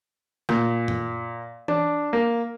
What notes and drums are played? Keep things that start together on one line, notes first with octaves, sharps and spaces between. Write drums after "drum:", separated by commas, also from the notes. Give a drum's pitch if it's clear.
A#2, drum: snare
drum: tom F#2
D4, drum: tom E3
A#3